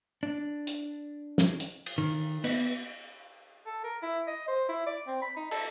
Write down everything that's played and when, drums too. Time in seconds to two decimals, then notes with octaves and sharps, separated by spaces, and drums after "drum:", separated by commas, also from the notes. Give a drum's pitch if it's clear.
0.23 D4
0.67 drum: hi-hat
1.38 drum: snare
1.60 drum: hi-hat
1.86 drum: cymbal
1.98 D#3
2.44 B3, drum: cymbal
3.66 A4
3.84 A#4
4.02 E4
4.27 D#5
4.48 C5
4.69 E4
4.87 D5
5.07 C4
5.22 B5
5.37 D#4
5.51 A4, drum: cymbal